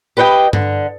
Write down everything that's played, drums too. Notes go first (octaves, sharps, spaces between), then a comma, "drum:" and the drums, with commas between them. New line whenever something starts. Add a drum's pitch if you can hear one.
G4 B4 D#5 F#5 G5
D3, drum: tom G2